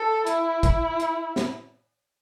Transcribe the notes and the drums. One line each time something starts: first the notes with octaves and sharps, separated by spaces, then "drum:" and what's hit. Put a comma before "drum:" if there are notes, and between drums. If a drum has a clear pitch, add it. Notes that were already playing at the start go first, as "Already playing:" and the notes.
Already playing: A4
E4, drum: hi-hat
drum: kick, hi-hat
drum: hi-hat
drum: snare